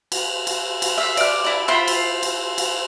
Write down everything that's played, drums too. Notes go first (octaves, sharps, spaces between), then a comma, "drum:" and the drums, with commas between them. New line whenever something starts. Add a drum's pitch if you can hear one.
drum: cymbal
drum: cymbal
drum: cymbal
E5 F5
D5 F6, drum: cymbal
E4 D5
E4 F4 C5 B5
drum: cymbal
drum: cymbal
drum: cymbal